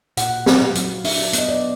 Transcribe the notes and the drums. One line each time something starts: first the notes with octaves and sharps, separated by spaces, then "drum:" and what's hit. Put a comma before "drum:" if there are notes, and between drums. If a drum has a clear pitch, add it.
A#2 F#5, drum: hi-hat
F#3, drum: snare C4
F5
F#3, drum: hi-hat
D4 E5, drum: open hi-hat
B3, drum: hi-hat
D#5
D5